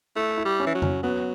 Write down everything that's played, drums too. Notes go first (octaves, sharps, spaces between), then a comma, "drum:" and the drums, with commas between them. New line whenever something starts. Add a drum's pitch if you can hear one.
A3 E4
E4
G3
C#4
E3
F#3
C#4, drum: tom F2
F#3 B3